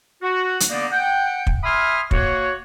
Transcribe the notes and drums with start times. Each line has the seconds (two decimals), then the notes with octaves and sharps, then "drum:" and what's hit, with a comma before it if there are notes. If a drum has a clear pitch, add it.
0.22 F#4
0.60 drum: hi-hat
0.70 D3 A#3 B3 D4 D#4 D5
0.92 F#5 G5
1.47 drum: kick
1.64 E5 G#5 B5 C6 D#6 F6
2.11 A#3 F#4 C#5, drum: kick